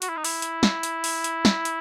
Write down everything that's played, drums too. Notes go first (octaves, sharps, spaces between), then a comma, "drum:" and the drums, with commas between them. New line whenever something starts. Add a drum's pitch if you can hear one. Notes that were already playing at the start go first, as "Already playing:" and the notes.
F#4, drum: hi-hat
E4
D#4
E4, drum: open hi-hat
drum: hi-hat
drum: snare
drum: hi-hat
drum: open hi-hat
drum: hi-hat
drum: snare
drum: hi-hat